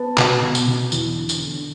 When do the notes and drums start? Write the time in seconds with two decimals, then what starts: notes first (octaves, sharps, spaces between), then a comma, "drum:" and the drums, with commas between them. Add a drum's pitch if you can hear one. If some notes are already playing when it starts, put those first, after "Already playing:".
Already playing: B3 A5
0.18 B2, drum: clap
0.43 B2
0.55 drum: tambourine
0.67 B2
0.92 E2, drum: tambourine
1.17 D3
1.29 drum: tambourine
1.41 D3